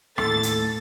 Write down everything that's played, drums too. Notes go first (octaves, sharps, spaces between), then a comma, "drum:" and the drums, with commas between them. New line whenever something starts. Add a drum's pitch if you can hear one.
D#2 A2 A4 A6, drum: rim click
drum: hi-hat